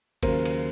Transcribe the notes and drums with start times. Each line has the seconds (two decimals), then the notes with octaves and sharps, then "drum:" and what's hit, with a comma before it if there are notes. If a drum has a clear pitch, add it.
0.23 D#2 C#3 F#3 A#4 C5, drum: kick F#1, cymbal
0.45 drum: cymbal